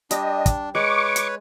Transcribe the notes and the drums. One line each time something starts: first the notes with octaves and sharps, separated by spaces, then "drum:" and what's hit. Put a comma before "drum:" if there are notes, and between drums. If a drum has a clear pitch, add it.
G3 D4 D#5 G5, drum: hi-hat
drum: kick, hi-hat
G#3 B4 C#5 C#6 D6
drum: hi-hat